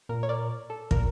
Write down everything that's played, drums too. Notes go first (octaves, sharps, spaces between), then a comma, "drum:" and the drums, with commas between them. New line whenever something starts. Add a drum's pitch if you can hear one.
A#2 A#4
C#5
A#4 D5
A4
A#2 A#4, drum: kick